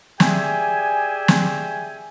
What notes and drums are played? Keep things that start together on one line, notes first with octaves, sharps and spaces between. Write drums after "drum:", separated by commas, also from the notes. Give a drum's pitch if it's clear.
G4 G#4 D5 E5 G5 G#5, drum: snare
drum: snare